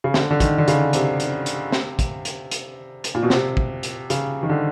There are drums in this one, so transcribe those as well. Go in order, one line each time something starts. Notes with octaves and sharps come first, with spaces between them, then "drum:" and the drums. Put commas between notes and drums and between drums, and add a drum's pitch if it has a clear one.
C#3
D3, drum: snare
D3
D#3, drum: kick, hi-hat
D3
C#3, drum: hi-hat
C3, drum: hi-hat
drum: hi-hat
drum: hi-hat
drum: snare
drum: kick, hi-hat
drum: hi-hat
drum: hi-hat
drum: hi-hat
A#2
B2
C3, drum: snare
drum: kick
drum: hi-hat
C#3, drum: hi-hat
D#3
D3